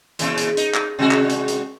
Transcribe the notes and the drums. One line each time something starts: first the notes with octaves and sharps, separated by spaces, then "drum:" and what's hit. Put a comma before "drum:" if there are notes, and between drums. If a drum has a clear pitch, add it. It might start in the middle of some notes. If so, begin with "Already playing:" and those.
A#2 C#3 E3, drum: hi-hat
drum: hi-hat
D#4, drum: hi-hat
drum: clap
C3 G#3 F#4
drum: clap
drum: hi-hat
drum: hi-hat